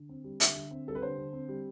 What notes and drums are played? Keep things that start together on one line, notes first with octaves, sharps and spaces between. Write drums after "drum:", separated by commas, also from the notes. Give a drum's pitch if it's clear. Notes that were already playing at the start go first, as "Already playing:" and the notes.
Already playing: D3
C4
G3
D3 E5, drum: hi-hat
D3
C4
G3 A4
B4
D3 C5
D3
C4
G3